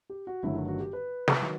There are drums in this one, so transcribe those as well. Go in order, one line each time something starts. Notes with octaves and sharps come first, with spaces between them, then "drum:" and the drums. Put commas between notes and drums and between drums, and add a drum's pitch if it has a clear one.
G4
F#4
G1 G2 D#3 F#3 A3 E4
F#4
F#4
G4
B4
drum: snare
D#3 F#3